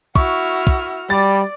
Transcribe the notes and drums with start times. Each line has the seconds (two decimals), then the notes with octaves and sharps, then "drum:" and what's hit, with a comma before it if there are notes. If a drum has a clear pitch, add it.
0.16 E4 F#4 C#6 F6, drum: kick
0.67 drum: kick
1.10 G3 D5 A6